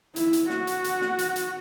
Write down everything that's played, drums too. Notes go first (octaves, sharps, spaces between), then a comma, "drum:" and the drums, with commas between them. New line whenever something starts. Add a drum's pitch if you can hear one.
E4, drum: hi-hat
drum: hi-hat
F#4, drum: snare
drum: hi-hat
drum: hi-hat
drum: snare
drum: hi-hat
drum: hi-hat